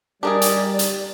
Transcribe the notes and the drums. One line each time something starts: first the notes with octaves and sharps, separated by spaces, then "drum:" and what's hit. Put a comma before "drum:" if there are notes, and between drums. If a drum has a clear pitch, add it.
G3 D4 D#4 G4 G#4 A#4 D5
drum: hi-hat
drum: hi-hat